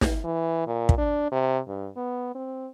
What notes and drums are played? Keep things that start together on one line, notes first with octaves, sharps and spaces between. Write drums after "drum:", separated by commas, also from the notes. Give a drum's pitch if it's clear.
drum: snare
E3
A#2
drum: kick
D4
C3
G2
B3
C4